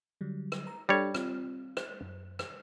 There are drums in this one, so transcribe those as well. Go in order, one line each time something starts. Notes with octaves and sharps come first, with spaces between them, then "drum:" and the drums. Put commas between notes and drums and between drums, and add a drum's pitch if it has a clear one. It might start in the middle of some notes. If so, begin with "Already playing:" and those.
D3 F#3 G3
drum: rim click
A#5
G3 D4 G4 A4 C#5
C4 F4, drum: rim click
drum: rim click
F#2
drum: rim click